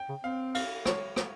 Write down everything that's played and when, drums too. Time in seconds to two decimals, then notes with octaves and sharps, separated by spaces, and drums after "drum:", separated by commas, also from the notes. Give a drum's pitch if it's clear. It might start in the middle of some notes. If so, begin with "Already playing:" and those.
Already playing: G5
0.09 C#3
0.24 C4 F5
0.55 F5, drum: cymbal
0.86 C#5, drum: rim click
1.16 drum: rim click